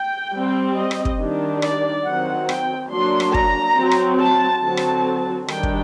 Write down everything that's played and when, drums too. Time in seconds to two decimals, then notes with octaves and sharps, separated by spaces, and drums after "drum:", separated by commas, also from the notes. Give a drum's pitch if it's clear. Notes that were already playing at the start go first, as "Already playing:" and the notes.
Already playing: G5
0.33 G3 C4
0.76 D#5
0.91 drum: rim click
1.05 drum: kick
1.20 D#3 G3 D4
1.62 D5, drum: rim click
2.05 D#3 F#3 C4 F#5
2.49 G5, drum: rim click
2.91 F#3 A#3 D4 C6
3.20 drum: rim click
3.34 A#5, drum: kick
3.77 F#3 C4
3.91 drum: rim click
4.20 A5
4.63 D3 F#3 C4 A5
4.77 drum: rim click
5.48 D#3 G3 D4 G5, drum: rim click
5.63 drum: kick